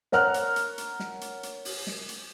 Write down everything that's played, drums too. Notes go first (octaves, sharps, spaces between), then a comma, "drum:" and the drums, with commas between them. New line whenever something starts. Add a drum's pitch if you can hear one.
A#4 C#5 F#5 A#5 F6 F#6, drum: snare
drum: hi-hat
drum: hi-hat
drum: hi-hat
drum: snare
drum: hi-hat
drum: hi-hat
drum: open hi-hat
drum: snare
drum: hi-hat